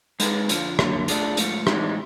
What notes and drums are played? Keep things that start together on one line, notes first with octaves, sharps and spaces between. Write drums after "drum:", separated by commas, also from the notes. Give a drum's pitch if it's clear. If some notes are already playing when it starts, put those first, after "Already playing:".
G#3 C4 D#4 G#4 B4, drum: hi-hat
F2 D3 F3, drum: hi-hat
D3 F#3 A#3, drum: rim click
A3 D4 F4 G#4, drum: hi-hat
G#2 F3 A3, drum: hi-hat
A2 E3 G#3 C4 D#4, drum: rim click